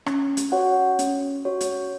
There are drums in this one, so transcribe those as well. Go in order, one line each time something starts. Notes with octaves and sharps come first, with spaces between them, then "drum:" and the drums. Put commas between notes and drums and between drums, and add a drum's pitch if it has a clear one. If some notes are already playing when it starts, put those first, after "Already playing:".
C#4, drum: rim click
drum: hi-hat
F#4 C#5 F#5
C#4, drum: hi-hat
F#4 C#5
drum: hi-hat